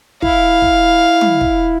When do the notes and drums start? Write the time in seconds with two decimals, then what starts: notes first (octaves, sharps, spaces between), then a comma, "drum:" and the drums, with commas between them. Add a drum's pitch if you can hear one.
0.22 E4 F5, drum: kick
0.62 drum: kick
1.21 drum: tom
1.41 drum: kick